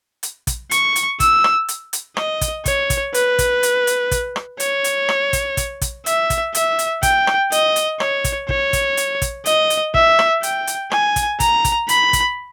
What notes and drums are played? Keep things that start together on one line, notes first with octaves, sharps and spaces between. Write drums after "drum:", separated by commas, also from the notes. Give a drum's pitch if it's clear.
drum: hi-hat
drum: kick, hi-hat
C#6, drum: hi-hat
drum: hi-hat
E6, drum: kick, hi-hat
drum: rim click
drum: hi-hat
drum: hi-hat
D#5, drum: rim click
drum: kick, hi-hat
C#5, drum: kick, hi-hat
drum: kick, hi-hat
B4, drum: hi-hat
drum: kick, hi-hat
drum: hi-hat
drum: hi-hat
drum: kick, hi-hat
drum: rim click
C#5, drum: hi-hat
drum: hi-hat
drum: rim click
drum: kick, hi-hat
drum: kick, hi-hat
drum: kick, hi-hat
E5, drum: hi-hat
drum: kick, hi-hat
E5, drum: hi-hat
drum: hi-hat
G5, drum: kick, hi-hat
drum: rim click
D#5, drum: hi-hat
drum: hi-hat
C#5, drum: rim click
drum: kick, hi-hat
C#5, drum: kick
drum: kick, hi-hat
drum: hi-hat
drum: kick, hi-hat
D#5, drum: hi-hat
drum: hi-hat
E5, drum: kick
drum: rim click
G5, drum: hi-hat
drum: hi-hat
G#5, drum: rim click
drum: kick, hi-hat
A#5, drum: kick, hi-hat
drum: kick, hi-hat
B5, drum: hi-hat
drum: kick, hi-hat